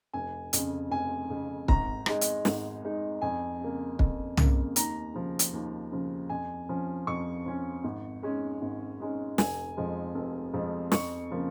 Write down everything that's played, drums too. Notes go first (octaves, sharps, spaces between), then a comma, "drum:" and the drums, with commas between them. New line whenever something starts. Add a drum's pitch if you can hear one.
F1 G#5
F2 C#3, drum: hi-hat
F1 G#5
F2 C#3
G#1 A#5, drum: kick
G#2 G#3 D#4, drum: rim click
drum: hi-hat
G#1, drum: snare
G#2 G#3 D#4
F2 G#5
C#3 A#3
F2, drum: kick
C#3 A#3, drum: tom
D#2 A#5, drum: hi-hat
C#3 F3
drum: hi-hat
D#2
C#3 F3
F2 G#5
F3 C#4
F2 C#6
F3 C#4
G#1
G#2 G#3 C#4
G#1
G#2 G#3 C#4
F1 G#5, drum: snare
F2 F3 G#3
F1
F2 F3 G#3
F2 C#6, drum: snare
C#3 F3 A#3